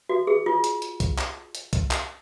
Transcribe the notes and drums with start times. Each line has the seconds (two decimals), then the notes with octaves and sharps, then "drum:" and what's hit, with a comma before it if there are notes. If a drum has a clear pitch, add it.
0.09 F#4
0.27 G#4
0.46 F4
0.64 drum: hi-hat
0.82 drum: hi-hat
1.00 drum: kick C2, hi-hat
1.18 drum: clap
1.55 drum: hi-hat
1.73 drum: kick C2, hi-hat
1.91 drum: clap